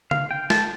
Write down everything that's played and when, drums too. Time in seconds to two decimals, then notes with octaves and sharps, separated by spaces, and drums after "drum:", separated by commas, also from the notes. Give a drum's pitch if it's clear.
0.11 F5, drum: tom C#3
0.31 G5
0.50 A5, drum: snare